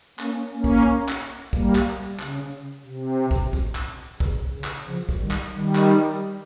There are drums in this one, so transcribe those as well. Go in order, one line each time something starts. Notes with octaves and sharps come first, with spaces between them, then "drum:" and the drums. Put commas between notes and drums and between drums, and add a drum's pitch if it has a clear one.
A#3 C#4, drum: clap
A#3 C#4
drum: kick
drum: clap
G3 A#3, drum: kick
drum: clap
C#3, drum: clap
C3
drum: kick
drum: kick
drum: clap
C#3, drum: kick
C#3
drum: clap
C#3 F3
drum: kick
D#3 G3
drum: clap
D#3 G3
drum: clap